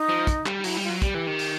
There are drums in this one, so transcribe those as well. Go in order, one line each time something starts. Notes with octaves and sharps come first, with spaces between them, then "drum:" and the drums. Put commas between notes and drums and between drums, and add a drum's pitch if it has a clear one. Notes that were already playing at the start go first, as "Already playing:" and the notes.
Already playing: D#4
F3
drum: kick, hi-hat
G3, drum: clap
D#4
F#3 E4, drum: open hi-hat
G3
F4
F#3
G3 G4, drum: kick, hi-hat
E3
D#3
drum: open hi-hat